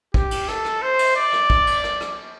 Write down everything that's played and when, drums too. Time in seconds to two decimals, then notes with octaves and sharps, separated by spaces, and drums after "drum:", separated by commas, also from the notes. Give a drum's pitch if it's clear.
0.14 G4, drum: kick
0.31 drum: cymbal
0.48 A4, drum: rim click
0.65 drum: rim click
0.82 C5
0.99 drum: cymbal
1.16 D5
1.33 drum: rim click
1.50 drum: kick
1.67 drum: cymbal
1.84 drum: rim click
2.01 drum: rim click